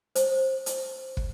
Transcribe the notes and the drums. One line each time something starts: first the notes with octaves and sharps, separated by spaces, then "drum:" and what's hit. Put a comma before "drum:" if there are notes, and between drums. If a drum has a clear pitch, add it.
C5, drum: hi-hat
drum: hi-hat
drum: kick